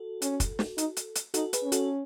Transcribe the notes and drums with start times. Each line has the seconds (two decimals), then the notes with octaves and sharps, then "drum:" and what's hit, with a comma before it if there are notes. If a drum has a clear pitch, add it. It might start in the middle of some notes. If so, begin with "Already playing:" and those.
Already playing: F#4 A4
0.22 C#4, drum: hi-hat
0.40 drum: kick, hi-hat
0.59 drum: snare
0.78 D#4, drum: hi-hat
0.97 drum: hi-hat
1.15 drum: hi-hat
1.34 D#4 F#4 A4, drum: hi-hat
1.53 G#4 B4, drum: hi-hat
1.63 C#4
1.72 F#4 A4, drum: hi-hat